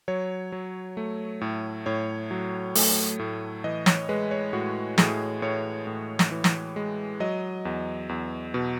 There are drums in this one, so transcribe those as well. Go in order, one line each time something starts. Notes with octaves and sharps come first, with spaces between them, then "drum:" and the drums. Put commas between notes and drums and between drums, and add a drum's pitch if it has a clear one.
F#3 C#5
F#3
A3
A2
A2 C#5
F#3
A3, drum: open hi-hat
A2
E3 D#5
C#5, drum: snare
G#3 B4
C#5
A2 F#4
A2 G#4, drum: snare
A2 C#5
A2
drum: snare
E3
drum: snare
G#3
F#3 D#5
E2
E2
B2